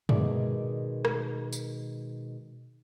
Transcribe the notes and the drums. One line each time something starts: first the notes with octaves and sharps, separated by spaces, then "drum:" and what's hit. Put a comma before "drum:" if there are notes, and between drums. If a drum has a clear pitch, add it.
B2 D#3 G#3 D5 E5, drum: tom G2
drum: rim click
drum: tambourine